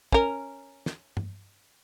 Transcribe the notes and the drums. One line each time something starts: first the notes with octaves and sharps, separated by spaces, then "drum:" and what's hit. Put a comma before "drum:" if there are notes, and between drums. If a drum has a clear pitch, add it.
C#4 A#4, drum: kick
drum: snare
drum: tom G2